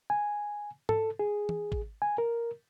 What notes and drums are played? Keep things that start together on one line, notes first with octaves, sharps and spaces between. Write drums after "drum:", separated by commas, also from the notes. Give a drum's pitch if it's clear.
G#5
A4, drum: tom G#2
G#4
drum: tom
drum: kick G#1
G#5
A#4